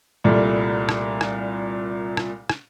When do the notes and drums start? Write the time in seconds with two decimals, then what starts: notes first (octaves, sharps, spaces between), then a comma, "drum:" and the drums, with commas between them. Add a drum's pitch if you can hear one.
0.24 C2 A#2 G3 A3
0.89 drum: rim click
1.21 drum: rim click
2.17 drum: rim click
2.50 drum: rim click